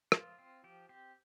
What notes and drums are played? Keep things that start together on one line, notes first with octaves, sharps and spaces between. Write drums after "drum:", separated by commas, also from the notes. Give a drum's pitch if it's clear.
F3 F4, drum: rim click
C4
F3 G4
C4 G4